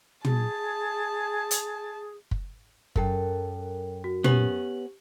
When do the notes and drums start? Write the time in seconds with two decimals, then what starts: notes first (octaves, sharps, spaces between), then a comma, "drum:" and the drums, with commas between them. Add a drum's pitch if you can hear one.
0.25 G#4 A5, drum: tom
1.51 drum: hi-hat
2.31 drum: kick
2.96 F#2 A4 A#4 G5, drum: kick
4.04 F#4
4.24 B3 C#4 G4 F#7, drum: tom